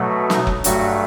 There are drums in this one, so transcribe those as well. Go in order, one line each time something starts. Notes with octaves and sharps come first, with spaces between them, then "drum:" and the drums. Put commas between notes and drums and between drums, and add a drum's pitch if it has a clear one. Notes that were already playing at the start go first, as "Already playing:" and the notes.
Already playing: B2 F#3 A3
D#4, drum: snare
drum: kick F1
G2 F#3 A3 F#4, drum: hi-hat